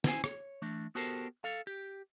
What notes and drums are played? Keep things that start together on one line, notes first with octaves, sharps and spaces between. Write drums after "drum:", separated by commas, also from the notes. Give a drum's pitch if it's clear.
C#4 E4 C5 G#5, drum: snare
C#5, drum: rim click
E3 A3 D4
B3 F#4 G4 A4 A#4 C5
A4 F5
G4